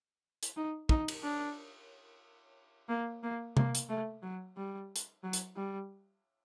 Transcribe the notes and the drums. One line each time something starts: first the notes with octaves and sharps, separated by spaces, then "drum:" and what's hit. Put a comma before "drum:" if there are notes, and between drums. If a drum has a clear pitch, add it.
drum: hi-hat
D#4
D#4, drum: kick
drum: cymbal
D4
A#3
A#3
A#3, drum: tom C3
drum: hi-hat
A3
F#3
G3
drum: hi-hat
F#3
drum: hi-hat
G3